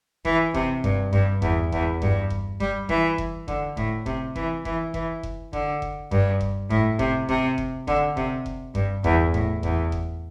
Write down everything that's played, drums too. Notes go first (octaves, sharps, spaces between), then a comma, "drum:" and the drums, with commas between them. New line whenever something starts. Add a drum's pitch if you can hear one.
E3, drum: kick F1
C3, drum: kick F1
G2, drum: kick F1
G2, drum: kick F1
E2, drum: kick F1
E2, drum: kick F1
G2, drum: kick F1
drum: kick F1
G3, drum: kick F1
E3, drum: kick F1
drum: kick F1
D3, drum: kick F1
A2, drum: kick F1
C3, drum: kick F1
E3, drum: kick F1
E3, drum: kick F1
E3, drum: kick F1
drum: kick F1
D3, drum: kick F1
drum: kick F1
G2, drum: kick F1
drum: kick F1
A2, drum: kick F1
C3, drum: kick F1
C3, drum: kick F1
drum: kick F1
D3, drum: kick F1
C3, drum: kick F1
drum: kick F1
G2, drum: kick F1
E2, drum: kick F1
A2, drum: kick F1
E2, drum: kick F1
drum: kick F1